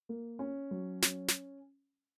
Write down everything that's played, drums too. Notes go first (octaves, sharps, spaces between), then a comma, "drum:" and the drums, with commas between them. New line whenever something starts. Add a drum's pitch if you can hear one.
A#3
C#4
F#3
C#4, drum: snare
drum: snare